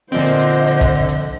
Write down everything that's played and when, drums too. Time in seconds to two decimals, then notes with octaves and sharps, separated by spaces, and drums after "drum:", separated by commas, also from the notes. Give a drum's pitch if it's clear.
0.12 A#2 D3 F3 C4 C5 D#5
0.26 drum: hi-hat
0.40 drum: hi-hat
0.53 drum: hi-hat
0.67 drum: hi-hat
0.81 drum: kick, hi-hat
1.09 drum: hi-hat